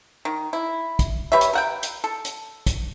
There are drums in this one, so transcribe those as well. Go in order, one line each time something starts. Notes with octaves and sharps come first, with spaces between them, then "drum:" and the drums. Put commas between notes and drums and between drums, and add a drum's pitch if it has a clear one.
D#3
E4
drum: kick, hi-hat
G4 B4 C#5 E5
drum: hi-hat
A#4 F#5 G5
drum: hi-hat
A4
drum: hi-hat
drum: kick, hi-hat